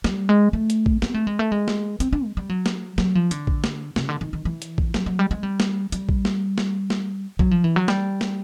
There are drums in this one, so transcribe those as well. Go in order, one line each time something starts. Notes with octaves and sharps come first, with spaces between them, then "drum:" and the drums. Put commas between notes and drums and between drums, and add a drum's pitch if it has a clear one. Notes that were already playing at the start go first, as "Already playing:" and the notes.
G3, drum: snare
G#3
A3
drum: hi-hat
drum: kick
B3, drum: snare
A3
G#3
A3
G#3
drum: snare
C4, drum: hi-hat
D4
G#3
G3
F#3
drum: snare
F#3, drum: snare
F3
D3, drum: hi-hat
drum: kick
drum: snare
C#3, drum: snare
D3
D#3
D#3
E3
drum: hi-hat
drum: kick
F#3, drum: snare
F#3
G3
G#3
G3
drum: snare
G3, drum: hi-hat
drum: kick
drum: snare
drum: snare
drum: snare
F#3, drum: kick
F3
E3
F#3
G3, drum: snare
drum: snare